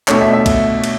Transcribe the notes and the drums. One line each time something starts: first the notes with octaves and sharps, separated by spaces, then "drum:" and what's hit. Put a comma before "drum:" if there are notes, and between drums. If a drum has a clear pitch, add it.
B2 A3 D4 C#5, drum: clap
E5
E5
drum: kick, cymbal
drum: cymbal